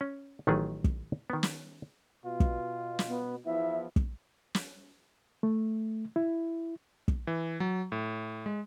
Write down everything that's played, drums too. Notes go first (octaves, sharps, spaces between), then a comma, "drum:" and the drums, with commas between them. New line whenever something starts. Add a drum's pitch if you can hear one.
C#4
A1 D#3 F3 F#3 A3 G#4
drum: kick
D#3 B3
drum: snare
B2 F4
drum: kick
drum: snare
B3
E2 F3 B3 E4 E5
drum: kick
drum: snare
A3
E4
drum: kick
E3
F#3
A2
G#3